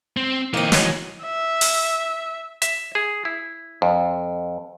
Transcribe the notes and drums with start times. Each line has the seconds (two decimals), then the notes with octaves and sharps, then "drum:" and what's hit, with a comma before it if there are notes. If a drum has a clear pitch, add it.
0.17 C4
0.54 E3 A#3 C4 D#4
0.72 F#3 G#3 G#4, drum: snare
1.22 E5
1.61 drum: open hi-hat
2.62 E5, drum: hi-hat
2.95 G#4
3.25 E4
3.82 F2